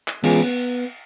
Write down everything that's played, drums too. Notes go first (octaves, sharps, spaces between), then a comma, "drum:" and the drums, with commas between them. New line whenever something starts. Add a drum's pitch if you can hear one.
drum: clap
E3 G#3 B3 C#4 F4 G#4, drum: cymbal
B3